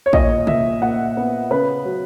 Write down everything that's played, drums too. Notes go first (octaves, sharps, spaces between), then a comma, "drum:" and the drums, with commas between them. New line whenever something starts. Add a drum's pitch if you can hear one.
C#5
A#2 D#5, drum: kick
A#2 E5, drum: tom C3
A#2 F#5
B3
C#3 B4
F#3